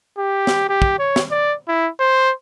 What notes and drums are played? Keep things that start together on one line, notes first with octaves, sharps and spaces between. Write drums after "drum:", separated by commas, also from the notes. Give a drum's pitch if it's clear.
G4
drum: snare
G4
drum: kick
C#5
drum: snare
D5
E4
C5